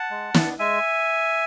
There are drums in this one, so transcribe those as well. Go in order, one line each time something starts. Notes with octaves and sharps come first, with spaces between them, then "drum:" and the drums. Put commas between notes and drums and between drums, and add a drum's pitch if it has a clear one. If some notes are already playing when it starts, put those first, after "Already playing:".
Already playing: F#5 A5
G#3
B3 D4, drum: snare
G#3 E5 G#5